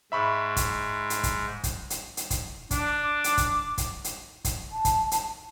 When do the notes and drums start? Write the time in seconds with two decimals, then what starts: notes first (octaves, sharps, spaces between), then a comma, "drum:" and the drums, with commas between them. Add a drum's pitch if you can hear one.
0.12 G#2 E5 B5 C#6
0.56 drum: kick, hi-hat
1.10 drum: hi-hat
1.23 drum: kick, hi-hat
1.64 drum: kick, hi-hat
1.90 drum: hi-hat
2.17 drum: hi-hat
2.30 drum: kick, hi-hat
2.71 D4, drum: kick, hi-hat
3.03 D6
3.24 drum: hi-hat
3.37 drum: kick, hi-hat
3.78 drum: kick, hi-hat
4.04 drum: hi-hat
4.45 drum: kick, hi-hat
4.72 A5
4.85 drum: kick, hi-hat
5.11 drum: hi-hat